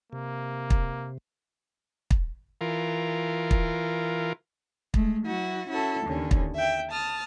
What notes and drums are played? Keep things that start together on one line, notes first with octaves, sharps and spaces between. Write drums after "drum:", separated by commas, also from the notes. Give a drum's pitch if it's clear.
C3 A#3
drum: kick
drum: kick
E3 F4 A#4
drum: kick
G#3 A3, drum: kick
F#3 E4 F#4
C#4 E4 F#4 A4
D#2 D3 C#4
drum: kick
E5 G5
A5 D#6 F6